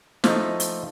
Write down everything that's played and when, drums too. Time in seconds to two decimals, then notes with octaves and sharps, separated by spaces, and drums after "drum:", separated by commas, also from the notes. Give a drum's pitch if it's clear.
0.24 F3 A3 D#4 D#5, drum: snare
0.60 drum: hi-hat